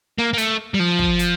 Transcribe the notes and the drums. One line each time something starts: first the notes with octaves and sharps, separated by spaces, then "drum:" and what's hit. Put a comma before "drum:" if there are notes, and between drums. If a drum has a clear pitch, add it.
A#3
A#3
A3, drum: hi-hat
G3
F3
drum: kick
drum: hi-hat